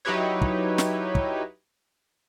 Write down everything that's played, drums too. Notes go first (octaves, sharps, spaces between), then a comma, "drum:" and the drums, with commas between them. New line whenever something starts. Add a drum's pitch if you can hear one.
F#3 D#4 E4 G4 B4 C#5
drum: kick
drum: snare
drum: kick